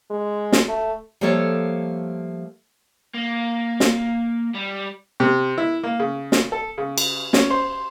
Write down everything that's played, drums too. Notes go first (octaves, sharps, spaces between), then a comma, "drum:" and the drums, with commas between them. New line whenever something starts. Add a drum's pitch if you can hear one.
G#3
drum: snare
A3
F3 G3 A3 A#3 A4 C#5
A#3
drum: snare
G3
C3
E4
A#3
C#3
drum: snare
A4
C#3
drum: cymbal
C#4, drum: snare
C5